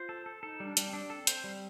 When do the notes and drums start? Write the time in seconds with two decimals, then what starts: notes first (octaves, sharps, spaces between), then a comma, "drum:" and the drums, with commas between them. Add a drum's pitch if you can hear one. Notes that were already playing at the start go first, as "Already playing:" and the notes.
Already playing: F4 C5
0.09 A4
0.26 A4
0.42 D#4 A4
0.60 G3 D4
0.77 G3, drum: hi-hat
0.87 C4
0.93 D4
1.10 A4
1.27 C5, drum: hi-hat
1.44 G3